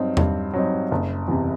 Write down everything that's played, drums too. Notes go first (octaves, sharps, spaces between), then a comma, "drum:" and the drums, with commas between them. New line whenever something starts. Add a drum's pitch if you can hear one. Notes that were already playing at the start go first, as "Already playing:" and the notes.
Already playing: G2 F#3 C4 D#4
G2, drum: tom E2
F#3 C4 D#4
F#1
E2 C3